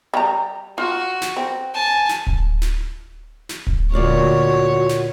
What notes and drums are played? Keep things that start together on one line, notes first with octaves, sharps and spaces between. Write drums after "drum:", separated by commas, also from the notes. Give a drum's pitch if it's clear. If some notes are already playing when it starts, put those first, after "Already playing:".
G3 A#5
F4 F#4
drum: snare
C4
G#5 A5
drum: snare
drum: kick D1
drum: snare
drum: snare
drum: kick D1
D2 A#2 F#4 C#5 D5 F5
drum: snare